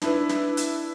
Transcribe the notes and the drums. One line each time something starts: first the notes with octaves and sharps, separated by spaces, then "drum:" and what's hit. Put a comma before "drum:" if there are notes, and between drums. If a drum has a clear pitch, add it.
D4 E4 B4, drum: snare
drum: snare
drum: hi-hat